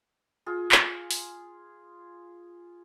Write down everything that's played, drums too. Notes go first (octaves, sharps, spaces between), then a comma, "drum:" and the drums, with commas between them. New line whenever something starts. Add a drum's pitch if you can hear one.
F4 G#4
drum: clap
drum: open hi-hat